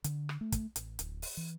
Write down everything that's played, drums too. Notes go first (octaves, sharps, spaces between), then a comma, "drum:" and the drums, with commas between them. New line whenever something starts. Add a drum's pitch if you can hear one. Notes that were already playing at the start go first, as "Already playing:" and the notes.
D3, drum: hi-hat
drum: rim click
A3
drum: kick, hi-hat
A1, drum: hi-hat
D1, drum: hi-hat
drum: open hi-hat
E3